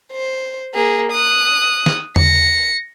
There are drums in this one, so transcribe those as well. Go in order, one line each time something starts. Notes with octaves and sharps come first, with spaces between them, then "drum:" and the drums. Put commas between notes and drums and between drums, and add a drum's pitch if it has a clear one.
C5
A#3 G#4
D#6 F#6
drum: snare
A#6 C#7, drum: tom E2